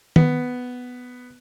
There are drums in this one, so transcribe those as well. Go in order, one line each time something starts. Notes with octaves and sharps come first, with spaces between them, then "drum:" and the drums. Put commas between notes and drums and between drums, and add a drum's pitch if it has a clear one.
B3, drum: tom